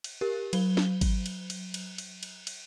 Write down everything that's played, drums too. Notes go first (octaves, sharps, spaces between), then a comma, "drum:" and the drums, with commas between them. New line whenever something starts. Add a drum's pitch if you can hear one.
drum: cymbal
G4 A#4
F#3 G7, drum: cymbal
drum: snare
drum: kick G#1, cymbal
drum: cymbal
drum: cymbal
drum: cymbal
drum: cymbal
drum: cymbal
drum: cymbal